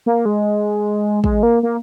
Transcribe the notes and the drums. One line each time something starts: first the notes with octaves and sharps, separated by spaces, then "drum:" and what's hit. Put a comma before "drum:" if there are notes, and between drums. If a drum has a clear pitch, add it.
A#3
G#3
G#3, drum: kick
A#3
A#3